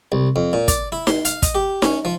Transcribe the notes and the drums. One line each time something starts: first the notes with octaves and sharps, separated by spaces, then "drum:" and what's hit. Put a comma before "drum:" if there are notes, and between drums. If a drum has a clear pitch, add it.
C2
F2
A#2
D5, drum: kick, hi-hat
E4
C6, drum: snare D#4
F5, drum: hi-hat
D#5, drum: kick, hi-hat
G4
C#4, drum: snare D#4
F3